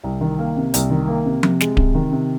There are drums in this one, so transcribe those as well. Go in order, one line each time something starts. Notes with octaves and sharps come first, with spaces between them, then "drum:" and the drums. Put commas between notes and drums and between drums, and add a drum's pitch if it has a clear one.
C2
D#3
A#3
C3
C2, drum: hi-hat
D#3
A#3
C3
C3, drum: tom F3
G#3, drum: snare
C3, drum: kick D1
D#3
C3